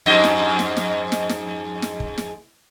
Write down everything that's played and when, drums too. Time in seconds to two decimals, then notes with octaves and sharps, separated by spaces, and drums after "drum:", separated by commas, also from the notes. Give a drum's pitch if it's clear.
0.06 F2 G#2 D#5
0.24 drum: snare
0.59 drum: snare
0.77 drum: snare
1.12 drum: snare
1.29 drum: snare
1.82 drum: snare
2.00 drum: kick
2.18 drum: snare